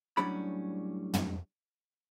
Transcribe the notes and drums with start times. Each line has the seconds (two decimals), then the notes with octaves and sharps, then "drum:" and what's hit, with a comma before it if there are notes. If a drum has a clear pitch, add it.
0.17 A2 F#3 G3 C#4 D4 B5
1.14 drum: tom